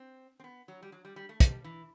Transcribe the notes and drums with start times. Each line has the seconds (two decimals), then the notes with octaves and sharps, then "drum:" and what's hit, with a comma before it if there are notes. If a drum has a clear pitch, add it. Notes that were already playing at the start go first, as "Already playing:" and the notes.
Already playing: C4
0.40 C4
0.44 B3
0.68 F#3
0.82 G3
0.92 F#3
1.05 G3
1.16 G3
1.29 A3
1.40 G3, drum: kick, hi-hat
1.64 E3